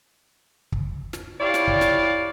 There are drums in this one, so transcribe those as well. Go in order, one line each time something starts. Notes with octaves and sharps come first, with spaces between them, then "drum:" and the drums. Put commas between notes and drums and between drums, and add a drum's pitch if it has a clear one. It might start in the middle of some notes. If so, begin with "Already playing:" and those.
drum: kick
drum: snare
E4 G4 C#5 D5 F5
drum: snare
drum: kick
drum: snare